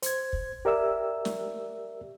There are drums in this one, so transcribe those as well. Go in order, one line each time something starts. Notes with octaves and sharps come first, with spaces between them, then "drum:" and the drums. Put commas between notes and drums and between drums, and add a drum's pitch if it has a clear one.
C5 G#6, drum: hi-hat
drum: kick
G4 A#4 D5 E5 E6
drum: snare